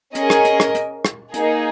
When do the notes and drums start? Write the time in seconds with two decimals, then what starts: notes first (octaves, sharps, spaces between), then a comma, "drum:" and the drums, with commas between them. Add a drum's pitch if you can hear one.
0.15 C#4 G#4 A#4 D#5, drum: hi-hat
0.30 drum: rim click
0.45 drum: hi-hat
0.60 drum: rim click
0.75 drum: hi-hat
1.05 drum: rim click
1.34 A#3 D#4 G#4, drum: hi-hat